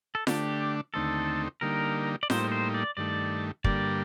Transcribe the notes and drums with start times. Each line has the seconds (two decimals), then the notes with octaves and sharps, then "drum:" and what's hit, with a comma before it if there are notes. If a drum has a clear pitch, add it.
0.15 A4
0.27 D3 A3 D4 G4, drum: snare F4
0.94 D#2 D3 A3 C4 D#4 A4
1.61 D3 G3 A#3 D#4 A#4
2.23 D5
2.30 A2 G3 A#3 D#4 C5, drum: snare F4
2.52 C5
2.74 D5
2.97 G2 D#3 A3 D5
3.64 G2 D3 G3 A#3 D5, drum: kick